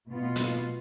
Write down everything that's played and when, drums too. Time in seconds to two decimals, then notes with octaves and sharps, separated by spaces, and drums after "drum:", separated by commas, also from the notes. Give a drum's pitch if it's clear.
0.10 B2 B3 F4
0.36 drum: hi-hat